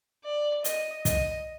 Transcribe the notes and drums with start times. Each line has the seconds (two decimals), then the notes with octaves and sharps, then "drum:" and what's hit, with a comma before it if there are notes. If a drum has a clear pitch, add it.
0.25 D5
0.64 D#5, drum: hi-hat
1.05 D#5, drum: kick, hi-hat